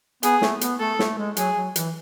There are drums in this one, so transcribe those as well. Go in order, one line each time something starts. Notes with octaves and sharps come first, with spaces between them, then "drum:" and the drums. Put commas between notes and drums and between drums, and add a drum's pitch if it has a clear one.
B3 G#4, drum: hi-hat
A3, drum: snare
B3, drum: hi-hat
A3 A4
A3, drum: snare
G#3
F#3 G#4, drum: hi-hat
F#3
E3, drum: hi-hat